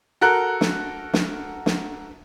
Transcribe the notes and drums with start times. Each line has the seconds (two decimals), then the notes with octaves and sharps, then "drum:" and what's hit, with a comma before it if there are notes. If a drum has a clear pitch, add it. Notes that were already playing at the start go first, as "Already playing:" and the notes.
0.21 F#4 A4 A#4 F#6
0.61 drum: snare
1.13 drum: snare
1.66 drum: snare